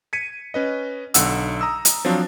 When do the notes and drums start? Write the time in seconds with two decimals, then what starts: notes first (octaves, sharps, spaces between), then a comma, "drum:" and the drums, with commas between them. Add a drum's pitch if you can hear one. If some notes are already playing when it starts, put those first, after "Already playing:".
0.13 G#6 B6 C#7 D#7
0.54 C#4 B4 D#5
1.14 B1 D3 F#5 E6, drum: hi-hat
1.61 A#5 D#6 E6
1.85 drum: hi-hat
2.05 F3 F#3 C4 D4 F4